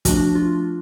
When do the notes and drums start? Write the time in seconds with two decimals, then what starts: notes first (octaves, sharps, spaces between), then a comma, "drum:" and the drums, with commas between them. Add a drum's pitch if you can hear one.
0.05 F3 A3 D4 F#4, drum: kick, hi-hat
0.35 F4